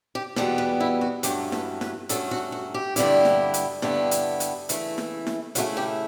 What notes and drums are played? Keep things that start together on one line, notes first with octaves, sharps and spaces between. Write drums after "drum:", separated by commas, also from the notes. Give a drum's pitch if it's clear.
G4
E2 B2 G3 B3 A4, drum: snare E4
B4
E4
F#4
G2 F#3 A3 C#4 G4, drum: hi-hat
B4, drum: snare E4
B4, drum: snare E4
G2 F#3 A3 C#4 A4, drum: hi-hat
F#4
F#4
G4
G2 D3 G3 B3 E4, drum: hi-hat
drum: snare E4
drum: hi-hat
G2 D3 G3 B3 E4, drum: snare E4
drum: hi-hat
drum: hi-hat
C#3 E3 A3 E4, drum: hi-hat
drum: snare E4
drum: snare E4
C#3 E3 A3 E4 F#4, drum: hi-hat
G4